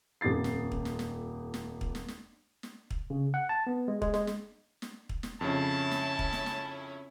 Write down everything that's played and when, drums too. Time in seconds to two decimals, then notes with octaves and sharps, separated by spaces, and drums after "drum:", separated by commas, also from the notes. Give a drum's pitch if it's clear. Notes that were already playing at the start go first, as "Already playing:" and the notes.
0.21 D#1 F2 G4 A6 C7
0.44 drum: snare
0.72 drum: kick
0.85 drum: snare
0.99 drum: snare
1.54 drum: snare
1.81 drum: kick
1.95 drum: snare
2.08 drum: snare
2.63 drum: snare
2.90 drum: kick
3.10 C#3
3.34 F#5
3.49 A5
3.67 B3
3.88 G#3
4.02 G#3, drum: kick
4.14 G#3, drum: snare
4.27 drum: snare
4.82 drum: snare
5.09 drum: kick
5.23 drum: snare
5.41 F2 C#3 C#4 E4 A5
5.91 drum: snare
6.19 drum: kick
6.33 drum: snare
6.46 drum: snare